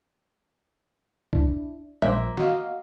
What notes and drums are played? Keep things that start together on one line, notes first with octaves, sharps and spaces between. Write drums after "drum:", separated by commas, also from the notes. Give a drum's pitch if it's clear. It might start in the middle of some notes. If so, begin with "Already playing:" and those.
D4 E4, drum: kick
A#1 F3 A#3 C5 E5, drum: tom G3
F#4 D#5 F5, drum: snare